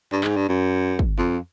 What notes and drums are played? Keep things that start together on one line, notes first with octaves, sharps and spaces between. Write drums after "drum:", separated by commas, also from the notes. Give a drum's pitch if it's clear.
G2
G#2, drum: clap
G2
F#2
drum: kick
F2